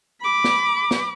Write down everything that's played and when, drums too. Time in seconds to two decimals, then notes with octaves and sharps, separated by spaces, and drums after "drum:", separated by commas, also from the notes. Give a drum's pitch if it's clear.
0.21 B5 D6
0.44 drum: snare
0.91 drum: snare